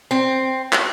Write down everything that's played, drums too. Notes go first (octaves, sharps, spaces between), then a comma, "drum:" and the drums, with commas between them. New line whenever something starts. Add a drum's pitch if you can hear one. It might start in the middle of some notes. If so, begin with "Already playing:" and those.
C4
drum: clap